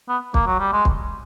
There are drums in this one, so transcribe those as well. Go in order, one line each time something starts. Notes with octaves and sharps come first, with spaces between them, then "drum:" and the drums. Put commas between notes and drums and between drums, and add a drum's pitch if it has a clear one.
B3
A#3, drum: kick
F#3
G3
G#3
drum: kick